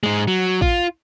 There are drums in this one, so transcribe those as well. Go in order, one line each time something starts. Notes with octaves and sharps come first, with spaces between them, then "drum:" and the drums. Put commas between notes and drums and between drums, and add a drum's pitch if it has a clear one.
G#2 G#3
F#3
F4, drum: kick A1